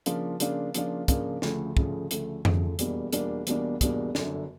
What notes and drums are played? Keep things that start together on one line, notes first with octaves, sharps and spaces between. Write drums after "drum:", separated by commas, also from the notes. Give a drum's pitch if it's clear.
C#3 F3 A#3 D4 F4, drum: hi-hat
C#3 F3 A#3 D4 F4, drum: hi-hat
C#3 F3 A#3 D4 F4, drum: hi-hat
C#3 F3 A#3 D4 F4, drum: kick, hi-hat
D2 C#3 F3 A3, drum: snare
D2 C#3 F3 A3, drum: kick
D2 C#3 F3 A3, drum: hi-hat
D2 C#3 F3 A3, drum: tom F2
E2 B2 G3 A#3 D4, drum: hi-hat
E2 B2 G3 A#3 D4, drum: hi-hat
E2 B2 G3 A#3 D4, drum: hi-hat
E2 B2 G3 A#3 D4, drum: kick, hi-hat
G1 F#2 D3, drum: snare